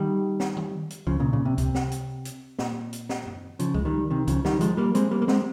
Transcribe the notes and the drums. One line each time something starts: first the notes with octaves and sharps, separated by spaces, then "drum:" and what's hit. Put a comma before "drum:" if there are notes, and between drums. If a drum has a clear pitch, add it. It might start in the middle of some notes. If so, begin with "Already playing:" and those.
Already playing: D#3 G3
drum: snare
drum: tom D#3
drum: hi-hat
C#3 F3, drum: kick C#2
A#2 C#3
A#2 C#3
C3
C3, drum: kick C#2, hi-hat
drum: snare
drum: hi-hat
drum: hi-hat
A#2, drum: snare
drum: hi-hat
drum: snare
drum: tom F2
C#3 F3, drum: hi-hat
G#3, drum: kick C#2
D#3 G3
C3 D#3
C#3 F3, drum: kick C#2, hi-hat
D#3 G3, drum: snare
F3 G#3, drum: hi-hat
G3 A#3
G#3 C4, drum: hi-hat
G3 A#3
A#3
G#3 C4, drum: snare